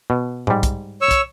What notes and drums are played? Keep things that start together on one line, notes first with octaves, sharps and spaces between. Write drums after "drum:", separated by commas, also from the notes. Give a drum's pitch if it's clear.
B2
G#2 G3, drum: tom A2
drum: kick, hi-hat
C#5 C#6 E6
drum: kick, hi-hat